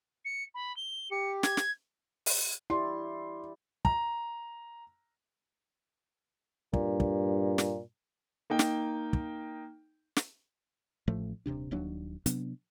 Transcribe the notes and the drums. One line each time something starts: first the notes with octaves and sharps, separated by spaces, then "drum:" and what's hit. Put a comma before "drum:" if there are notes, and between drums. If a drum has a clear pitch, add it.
C#7
B5
G7
G4 C#7
G#6, drum: snare
drum: snare
drum: open hi-hat
E4 G4 D5 C6
A#5, drum: kick
G2 A#2, drum: kick
drum: kick
drum: snare
A#3 D#4 G5
drum: snare
drum: kick
drum: snare
A1 A2 F3 A3
D#1 A#1 C3 D4
D#1 D#2 F#3 D4
C3 F#3 B3 D4, drum: hi-hat